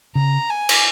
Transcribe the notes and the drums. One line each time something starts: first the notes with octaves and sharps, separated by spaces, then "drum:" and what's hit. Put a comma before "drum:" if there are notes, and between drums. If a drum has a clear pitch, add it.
C#3 A#5
G#5
drum: cymbal